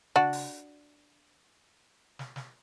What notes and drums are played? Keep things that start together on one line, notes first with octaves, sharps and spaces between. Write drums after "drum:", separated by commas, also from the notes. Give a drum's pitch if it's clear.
D4 F#4, drum: tom C#3
drum: open hi-hat
drum: snare
drum: snare